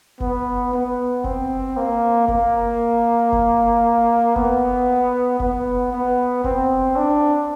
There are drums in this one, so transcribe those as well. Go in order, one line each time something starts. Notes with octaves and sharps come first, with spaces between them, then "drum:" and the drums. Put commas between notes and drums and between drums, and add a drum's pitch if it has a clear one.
B3, drum: kick F#1
B3
C4, drum: kick F#1
A#3
A#3, drum: kick F#1
drum: kick F#1
B3, drum: kick F#1
B3, drum: kick F#1
B3
C4, drum: kick F#1
D4